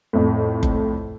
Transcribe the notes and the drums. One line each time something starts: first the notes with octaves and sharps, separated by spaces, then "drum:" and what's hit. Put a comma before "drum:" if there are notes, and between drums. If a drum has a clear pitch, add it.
F2 A2
drum: kick F#1